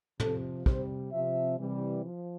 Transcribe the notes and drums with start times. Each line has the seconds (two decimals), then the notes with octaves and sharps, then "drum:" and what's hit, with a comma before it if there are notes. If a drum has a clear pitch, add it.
0.20 C3 F3 A4, drum: tom
0.66 C3 G3 C5, drum: kick
1.13 C3 F3 E5
1.59 C3 E3 G3
2.04 F3